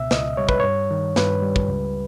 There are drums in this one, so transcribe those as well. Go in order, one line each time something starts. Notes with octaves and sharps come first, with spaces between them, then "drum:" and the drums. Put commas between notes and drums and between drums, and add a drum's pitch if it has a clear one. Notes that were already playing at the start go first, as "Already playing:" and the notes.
Already playing: C#2 B2 E5
C#2 D#5, drum: snare
G3 C#5
B4, drum: kick
G2 C#5
D#3
G2 B4, drum: snare
G3
drum: kick
C#2